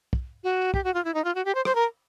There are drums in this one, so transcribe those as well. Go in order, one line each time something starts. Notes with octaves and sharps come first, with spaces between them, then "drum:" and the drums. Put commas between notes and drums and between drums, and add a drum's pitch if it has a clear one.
drum: kick
F#4
G4, drum: kick
F#4
F4
E4
D#4
F4
F#4
G4
C5
C5, drum: rim click
A#4